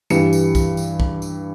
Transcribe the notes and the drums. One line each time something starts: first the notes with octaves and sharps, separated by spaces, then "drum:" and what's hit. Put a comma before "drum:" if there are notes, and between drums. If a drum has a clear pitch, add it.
G2 E3 G3 C#7, drum: tambourine
drum: tambourine
drum: kick, tambourine
drum: tambourine
drum: kick
drum: tambourine